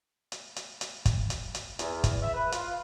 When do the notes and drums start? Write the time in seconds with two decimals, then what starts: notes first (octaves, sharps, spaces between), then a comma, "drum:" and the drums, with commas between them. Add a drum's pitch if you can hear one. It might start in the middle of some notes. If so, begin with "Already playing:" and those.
0.32 drum: hi-hat
0.56 drum: hi-hat
0.81 drum: hi-hat
1.05 drum: kick, hi-hat
1.30 drum: hi-hat
1.55 drum: hi-hat
1.79 E2, drum: hi-hat
2.04 drum: kick, hi-hat
2.22 E5
2.34 B4
2.52 F4, drum: hi-hat